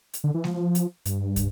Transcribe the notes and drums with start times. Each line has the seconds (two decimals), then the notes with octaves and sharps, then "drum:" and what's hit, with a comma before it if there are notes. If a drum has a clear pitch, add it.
0.14 drum: hi-hat
0.24 D3
0.34 E3
0.44 F3, drum: snare G#3
0.75 drum: hi-hat
1.05 G2, drum: hi-hat
1.36 drum: kick, hi-hat